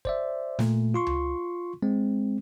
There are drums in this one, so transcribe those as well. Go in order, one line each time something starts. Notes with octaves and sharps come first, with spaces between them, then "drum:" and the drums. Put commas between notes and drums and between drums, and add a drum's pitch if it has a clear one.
C5 D5 E5, drum: kick
A#2 A3, drum: snare
F4 C6 C#6
drum: tom C#2
G#3 C4